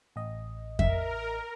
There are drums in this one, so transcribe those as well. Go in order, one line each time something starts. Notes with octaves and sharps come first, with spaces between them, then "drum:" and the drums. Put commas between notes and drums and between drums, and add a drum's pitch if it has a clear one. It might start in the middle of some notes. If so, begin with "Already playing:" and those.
A1 D#5
A#4 E5, drum: kick F2